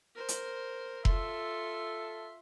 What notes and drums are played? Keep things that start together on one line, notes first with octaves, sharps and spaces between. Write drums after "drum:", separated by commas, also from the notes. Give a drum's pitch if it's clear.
A#4 C5
drum: hi-hat
F4 A4 E5 C6, drum: kick F1